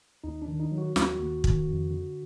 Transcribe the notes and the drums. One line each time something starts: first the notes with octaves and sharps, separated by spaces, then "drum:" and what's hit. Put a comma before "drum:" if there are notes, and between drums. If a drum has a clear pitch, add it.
D#2 D#4
D4
D#3
D#4
F#3
F#4
D#2 F#4, drum: snare
D#2
D#3, drum: kick
F2
D3